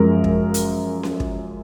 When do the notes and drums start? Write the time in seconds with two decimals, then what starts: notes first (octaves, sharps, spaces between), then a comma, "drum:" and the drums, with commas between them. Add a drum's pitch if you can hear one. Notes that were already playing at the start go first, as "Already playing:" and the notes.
Already playing: F#2 F3 G#3 A#4
0.24 drum: kick
0.54 drum: hi-hat
1.03 drum: snare C#4
1.20 drum: kick